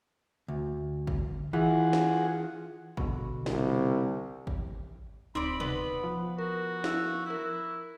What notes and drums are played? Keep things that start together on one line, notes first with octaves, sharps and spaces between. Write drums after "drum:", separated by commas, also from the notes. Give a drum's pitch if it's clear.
D2
drum: kick G#1
E3 F4 G#4 F#5
drum: snare
B2 D3, drum: kick G#1
C2, drum: snare
drum: kick G#1
D1 C4 D#4 D5 B5
B3 B4, drum: tom B2
F3
F#4 A#4
E4 F5 E6, drum: snare
E4 A#4 F#6